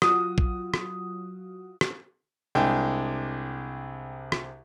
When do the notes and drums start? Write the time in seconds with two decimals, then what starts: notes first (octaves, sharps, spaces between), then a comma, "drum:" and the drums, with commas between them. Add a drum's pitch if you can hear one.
0.02 F#3 F4 F#4 D#6, drum: rim click
0.38 drum: kick A#1
0.74 drum: rim click
1.81 drum: rim click
2.55 C2 G#3 D4 G5 G#5
4.32 drum: rim click